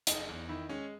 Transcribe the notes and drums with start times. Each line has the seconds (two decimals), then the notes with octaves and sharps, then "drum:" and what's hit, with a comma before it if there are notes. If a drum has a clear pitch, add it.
0.07 F#1 D#4, drum: hi-hat
0.28 E2
0.49 D#3 E4
0.69 G#3 C#4